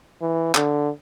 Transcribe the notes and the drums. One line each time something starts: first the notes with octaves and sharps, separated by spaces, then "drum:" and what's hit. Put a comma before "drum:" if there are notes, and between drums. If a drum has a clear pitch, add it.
E3
D3, drum: clap